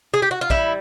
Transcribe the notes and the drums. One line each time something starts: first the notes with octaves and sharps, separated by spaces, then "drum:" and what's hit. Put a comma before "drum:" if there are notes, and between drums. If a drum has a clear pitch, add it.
G#4
G4
F#4
F4
G3 E4, drum: kick